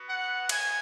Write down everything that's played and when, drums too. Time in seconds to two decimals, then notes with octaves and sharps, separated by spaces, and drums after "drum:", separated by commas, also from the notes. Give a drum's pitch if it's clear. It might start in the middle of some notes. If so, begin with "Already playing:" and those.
Already playing: B3 F#4
0.08 F#5
0.49 G#5, drum: cymbal